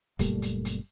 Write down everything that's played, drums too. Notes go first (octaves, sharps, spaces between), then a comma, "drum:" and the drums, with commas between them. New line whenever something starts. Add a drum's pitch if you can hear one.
F#1 A#2 G3 A3, drum: kick, hi-hat
drum: hi-hat
drum: hi-hat